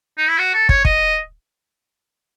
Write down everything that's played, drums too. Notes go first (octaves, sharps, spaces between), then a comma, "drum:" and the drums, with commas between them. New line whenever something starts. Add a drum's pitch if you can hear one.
D#4
E4
F#4
A4
C#5, drum: kick
D#5, drum: kick